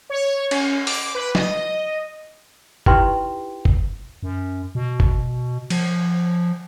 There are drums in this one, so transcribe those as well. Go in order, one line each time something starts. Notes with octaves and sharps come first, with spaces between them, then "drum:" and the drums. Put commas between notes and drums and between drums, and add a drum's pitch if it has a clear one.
C#5
C#4, drum: cymbal
D6, drum: open hi-hat
B4
D#5, drum: snare F#3
D#4 E4 G4 B4 G5 C6, drum: kick G1
drum: kick G1
F#2
B2
drum: kick G1
F3, drum: cymbal